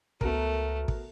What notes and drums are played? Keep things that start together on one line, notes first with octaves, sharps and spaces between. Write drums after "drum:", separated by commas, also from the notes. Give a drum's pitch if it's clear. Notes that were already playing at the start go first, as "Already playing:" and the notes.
C#2 A3 B3 F#4 A#4, drum: kick
drum: kick